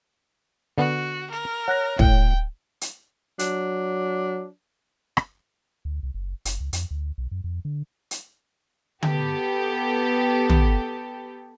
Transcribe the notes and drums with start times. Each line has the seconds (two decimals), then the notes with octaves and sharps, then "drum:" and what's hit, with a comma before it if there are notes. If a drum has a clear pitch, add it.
0.78 D3 B3 F#4
1.30 A#4
1.68 C#5 F#5 F#6 A#6
1.99 A2 G5, drum: kick
2.81 drum: hi-hat
3.39 F#3 D4, drum: hi-hat
5.17 drum: rim click
5.85 D2
6.03 C2
6.14 F#1
6.45 F#1, drum: hi-hat
6.60 C#2
6.73 F2, drum: hi-hat
6.91 D2
7.18 B1
7.31 F#2
7.44 F2
7.65 D3
8.11 drum: hi-hat
9.02 B3 G4 A4, drum: tom D3
10.49 drum: tom